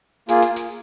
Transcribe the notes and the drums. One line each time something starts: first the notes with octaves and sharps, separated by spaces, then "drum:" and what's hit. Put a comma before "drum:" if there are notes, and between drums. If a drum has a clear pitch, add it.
A#3 F4 G#4, drum: tambourine
drum: tambourine
drum: tambourine